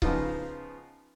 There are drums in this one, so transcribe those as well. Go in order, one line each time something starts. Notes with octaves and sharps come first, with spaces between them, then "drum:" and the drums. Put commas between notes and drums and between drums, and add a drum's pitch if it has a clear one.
C#3 F3 B3 D#4 F4, drum: kick C#1